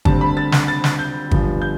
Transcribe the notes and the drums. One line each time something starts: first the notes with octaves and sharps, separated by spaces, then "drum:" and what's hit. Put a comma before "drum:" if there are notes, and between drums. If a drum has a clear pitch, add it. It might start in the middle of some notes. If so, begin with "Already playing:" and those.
D2 D3 G3 C4 A5, drum: kick
B5
A6
drum: snare
A6
drum: snare
G6
G1 G2 F3, drum: kick
G6